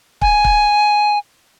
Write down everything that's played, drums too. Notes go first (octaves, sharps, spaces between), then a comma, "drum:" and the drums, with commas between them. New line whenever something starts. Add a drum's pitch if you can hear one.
G#5, drum: kick
drum: kick